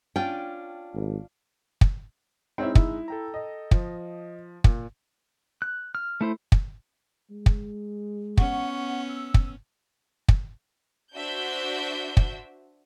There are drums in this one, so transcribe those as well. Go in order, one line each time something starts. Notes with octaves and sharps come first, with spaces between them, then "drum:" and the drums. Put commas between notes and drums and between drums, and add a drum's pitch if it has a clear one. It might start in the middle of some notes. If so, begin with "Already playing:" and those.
C#4 D4 F4 G5
G#1
drum: kick
G#3 C4 C#4 D#4 E4
E4, drum: kick
A4 G5 A#5
D#5
F3, drum: kick
A#2, drum: kick
F#6
F6
A3 E4 C5
drum: kick
G#3
drum: kick
B3 C#4 F#5 C#6, drum: kick
E6
drum: kick
drum: kick
D4 F#4 C5 E5 G6
drum: kick